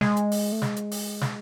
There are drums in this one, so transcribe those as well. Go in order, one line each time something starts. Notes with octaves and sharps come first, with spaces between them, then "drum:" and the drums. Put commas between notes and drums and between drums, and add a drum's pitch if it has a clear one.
G#3, drum: snare
drum: hi-hat
drum: open hi-hat
A3
G#3, drum: snare
drum: hi-hat
drum: open hi-hat
drum: snare